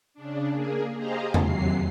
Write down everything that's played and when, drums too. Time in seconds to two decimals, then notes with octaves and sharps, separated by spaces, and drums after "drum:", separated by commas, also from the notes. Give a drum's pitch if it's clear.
0.14 C#3 D4
0.51 A#3 G#4
0.96 G4 G#4 C5 D#5 F5 A#5
1.34 D#2 C3 F#3 C7, drum: tom E2